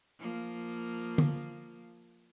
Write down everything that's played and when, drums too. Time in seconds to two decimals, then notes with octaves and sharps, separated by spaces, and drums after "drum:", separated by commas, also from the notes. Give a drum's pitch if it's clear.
0.19 F3 A#3
1.18 drum: tom